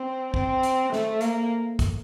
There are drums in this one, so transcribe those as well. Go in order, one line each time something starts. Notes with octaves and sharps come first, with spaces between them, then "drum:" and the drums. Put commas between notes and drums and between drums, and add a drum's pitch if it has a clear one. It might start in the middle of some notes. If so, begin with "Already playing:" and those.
Already playing: C4
C4, drum: kick
drum: hi-hat
A3, drum: snare
A#3, drum: hi-hat
drum: kick, hi-hat